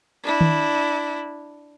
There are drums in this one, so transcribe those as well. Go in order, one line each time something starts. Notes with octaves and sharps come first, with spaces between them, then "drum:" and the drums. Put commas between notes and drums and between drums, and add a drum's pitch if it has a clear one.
D4 E4
drum: tom D#3